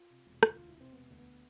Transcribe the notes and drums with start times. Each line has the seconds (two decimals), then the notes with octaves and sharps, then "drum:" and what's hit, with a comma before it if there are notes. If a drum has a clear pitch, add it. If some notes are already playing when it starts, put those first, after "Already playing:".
Already playing: F4
0.10 C3
0.26 E1
0.43 D2 F4, drum: rim click
0.55 E1 F4
0.68 E4
0.76 C3 C4
0.92 E1 B3
1.10 D2
1.18 B3